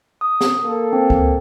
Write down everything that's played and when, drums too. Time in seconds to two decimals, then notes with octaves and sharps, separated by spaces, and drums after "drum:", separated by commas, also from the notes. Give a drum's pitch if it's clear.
0.21 D#6
0.41 drum: snare
0.62 A#3 A4
0.93 C4
1.10 drum: kick C#2